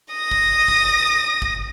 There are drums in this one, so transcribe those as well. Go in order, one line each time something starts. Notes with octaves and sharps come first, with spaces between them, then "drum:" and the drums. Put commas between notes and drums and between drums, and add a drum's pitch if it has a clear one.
D#6 A#6
drum: kick
drum: kick
drum: kick